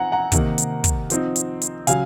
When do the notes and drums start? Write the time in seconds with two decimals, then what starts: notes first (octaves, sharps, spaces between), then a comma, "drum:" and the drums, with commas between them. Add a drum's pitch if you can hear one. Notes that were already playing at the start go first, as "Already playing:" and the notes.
Already playing: F3 C4 D#4 F#5 G#5 A#5
0.12 F#5 A#5
0.32 C3 D#3 A#3 D#4, drum: kick, hi-hat
0.58 drum: hi-hat
0.84 drum: kick, hi-hat
1.10 F3 C4 D#4, drum: hi-hat
1.36 drum: hi-hat
1.62 drum: hi-hat
1.87 C#3 F#3 F5 G#5, drum: hi-hat